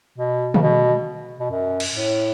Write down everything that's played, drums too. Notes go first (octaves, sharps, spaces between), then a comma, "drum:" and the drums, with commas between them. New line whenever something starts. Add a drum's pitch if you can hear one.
B2
C#3, drum: tom D3
B2
B2
F#2
drum: cymbal
A2